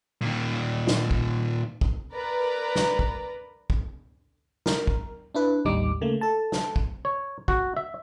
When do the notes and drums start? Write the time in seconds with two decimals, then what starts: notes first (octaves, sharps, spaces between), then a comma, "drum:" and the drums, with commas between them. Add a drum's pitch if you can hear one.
0.21 A#2 D#3
0.87 drum: snare
1.11 drum: kick
1.81 drum: kick
2.12 A#4 B4 D5 A#5
2.76 drum: snare
2.99 drum: kick
3.70 drum: kick
4.66 A#4, drum: snare
4.87 drum: kick
5.35 D4 E4 B4
5.65 A1 D#2 G3 D#4 D6
6.01 C#3 A3 A#3
6.21 A4 A5
6.52 drum: snare
6.76 drum: kick
7.05 C#5
7.48 F#4, drum: kick
7.77 E5